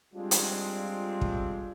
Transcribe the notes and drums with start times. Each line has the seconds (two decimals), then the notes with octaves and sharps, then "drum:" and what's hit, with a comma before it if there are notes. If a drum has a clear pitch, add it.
0.14 G3 G#3 C4 D4 F4
0.31 drum: hi-hat
1.21 drum: kick